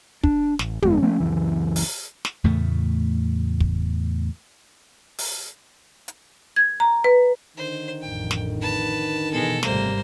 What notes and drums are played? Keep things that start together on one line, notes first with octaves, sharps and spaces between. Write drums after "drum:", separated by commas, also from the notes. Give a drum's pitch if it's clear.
D4, drum: kick
A1, drum: snare
G1 F2 G#3 B3, drum: tom
F3 A3 C#4
C#2 F#2 E3
drum: open hi-hat
drum: snare
E2 A2 C#3 A3
drum: kick
drum: open hi-hat
drum: hi-hat
G#6
A#5
B4
D3 D#3 C5
A1 F2 G5
drum: snare
B4 A5
B2 E3 G#3 A4
G#1 C3 G3 A3 A#3 C5, drum: snare